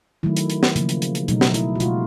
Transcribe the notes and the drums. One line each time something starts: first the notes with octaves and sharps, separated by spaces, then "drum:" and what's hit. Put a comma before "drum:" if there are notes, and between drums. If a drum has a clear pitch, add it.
D#3 F#3 A3 E4
drum: hi-hat
drum: hi-hat
drum: snare
C#3 F3 A#3, drum: hi-hat
drum: hi-hat
drum: hi-hat
drum: hi-hat
B2 F#3 A3 D#4, drum: hi-hat
drum: snare
E4, drum: hi-hat
F#4
B2 G#3 F4, drum: hi-hat